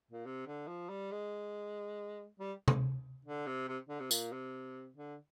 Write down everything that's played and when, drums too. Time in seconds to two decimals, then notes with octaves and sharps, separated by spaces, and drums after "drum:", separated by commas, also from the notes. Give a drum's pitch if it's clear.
0.11 A#2
0.26 C3
0.47 D3
0.68 F3
0.89 G3
1.11 G#3
2.40 G3
2.68 drum: tom C3
3.25 D3
3.46 C3
3.68 C3
3.89 D3
4.00 C3
4.11 A#2, drum: tambourine
4.32 C3
4.96 D3